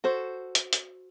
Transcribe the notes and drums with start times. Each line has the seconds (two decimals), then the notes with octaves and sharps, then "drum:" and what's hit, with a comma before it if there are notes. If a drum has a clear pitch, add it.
0.04 F#4 A4 C5
0.55 drum: hi-hat
0.73 drum: hi-hat